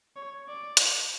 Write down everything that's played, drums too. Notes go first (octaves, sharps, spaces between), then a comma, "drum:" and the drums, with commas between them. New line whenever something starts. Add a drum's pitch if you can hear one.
C#5
D5
drum: hi-hat